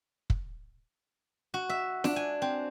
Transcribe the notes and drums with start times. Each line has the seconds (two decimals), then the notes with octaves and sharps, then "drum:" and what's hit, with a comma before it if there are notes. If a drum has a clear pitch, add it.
0.30 drum: kick
1.54 F#4
1.69 E5
2.04 D4, drum: snare
2.16 G#5
2.42 C4